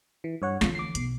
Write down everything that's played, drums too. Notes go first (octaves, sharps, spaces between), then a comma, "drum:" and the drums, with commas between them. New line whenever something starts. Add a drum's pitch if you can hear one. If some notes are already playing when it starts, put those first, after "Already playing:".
E3
G2 C#5 F#5
F2 D3 E3 F4, drum: snare
D6 C7
B1, drum: hi-hat